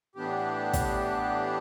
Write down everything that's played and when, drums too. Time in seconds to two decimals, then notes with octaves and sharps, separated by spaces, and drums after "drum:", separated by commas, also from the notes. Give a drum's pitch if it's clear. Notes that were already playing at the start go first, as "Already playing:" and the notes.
0.15 A2 E3 B3 D4 G4
0.73 drum: kick, hi-hat